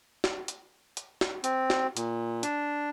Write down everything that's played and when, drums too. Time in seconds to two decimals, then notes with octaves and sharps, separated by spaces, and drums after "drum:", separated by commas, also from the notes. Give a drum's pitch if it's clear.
0.24 drum: snare
0.48 drum: hi-hat
0.97 drum: hi-hat
1.21 drum: snare
1.44 C4, drum: hi-hat
1.70 drum: snare
1.97 A#2, drum: hi-hat
2.43 D4, drum: hi-hat